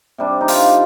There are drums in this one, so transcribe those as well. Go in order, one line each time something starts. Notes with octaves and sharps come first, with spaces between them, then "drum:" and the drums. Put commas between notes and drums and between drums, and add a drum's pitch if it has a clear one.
C3 G3 D4
D#4
F4, drum: open hi-hat